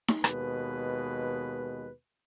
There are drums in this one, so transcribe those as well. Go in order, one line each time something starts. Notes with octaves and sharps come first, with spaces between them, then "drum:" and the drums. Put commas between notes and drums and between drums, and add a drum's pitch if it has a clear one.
drum: snare
D#2 B2 G#3 B4, drum: rim click